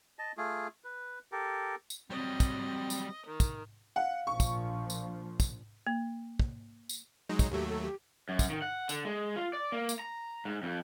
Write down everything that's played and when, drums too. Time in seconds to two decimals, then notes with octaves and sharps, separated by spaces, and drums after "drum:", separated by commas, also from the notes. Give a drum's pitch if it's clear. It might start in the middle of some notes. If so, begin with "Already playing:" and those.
0.19 D#5 A5
0.37 A3 F4 G#4
0.84 B4
1.32 G4 A4 A#4
1.90 drum: tambourine
2.10 F#3 G3 C4 D#5
2.40 drum: kick, tambourine
2.90 drum: tambourine
3.26 D#3
3.40 drum: kick, tambourine
3.96 F5 F#5
4.27 A#1 A#2 F3 C#6
4.40 drum: kick, tambourine
4.90 drum: tambourine
5.40 drum: kick, tambourine
5.87 A#3
6.39 drum: kick
6.89 drum: tambourine
7.29 F#3 G#3 D#4
7.39 drum: kick, tambourine
7.51 D#2 F#3 A3 G4
7.69 A4
7.82 G4
8.29 F#2
8.39 drum: kick, tambourine
8.50 D#3
8.62 F#5
8.89 D3, drum: tambourine
9.05 G#3
9.36 F4
9.53 D5
9.72 A#3
9.89 drum: tambourine
9.99 A#5
10.45 G#2
10.63 F2